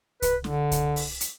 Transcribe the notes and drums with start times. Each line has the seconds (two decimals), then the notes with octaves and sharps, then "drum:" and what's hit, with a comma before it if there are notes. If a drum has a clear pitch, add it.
0.22 B4, drum: kick C2, hi-hat
0.44 D3, drum: snare
0.71 drum: kick C2, hi-hat
0.96 drum: open hi-hat
1.21 drum: hi-hat